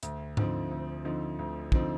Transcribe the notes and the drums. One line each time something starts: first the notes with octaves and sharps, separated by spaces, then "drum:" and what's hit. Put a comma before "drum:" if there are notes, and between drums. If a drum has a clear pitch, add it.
D2, drum: hi-hat
D3 F3 C4 D#4, drum: tom G#2
D2
D3 F3 C4 D#4
D2
D3 F3 C4 D#4, drum: kick